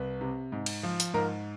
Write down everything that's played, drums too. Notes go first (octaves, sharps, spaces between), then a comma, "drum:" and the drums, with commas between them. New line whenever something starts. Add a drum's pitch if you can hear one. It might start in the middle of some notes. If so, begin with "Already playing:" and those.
Already playing: C2 B4
C3
G#2
drum: cymbal
F3
drum: hi-hat
G#2 A#4